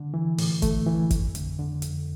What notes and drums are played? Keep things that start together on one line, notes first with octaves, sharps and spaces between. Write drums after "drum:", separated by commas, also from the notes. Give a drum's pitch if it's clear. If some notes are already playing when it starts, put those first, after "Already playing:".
Already playing: D3
E3
A2, drum: open hi-hat
A3, drum: kick G#1, hi-hat
E3
F2, drum: kick G#1, hi-hat
D3, drum: hi-hat
D3
F2, drum: hi-hat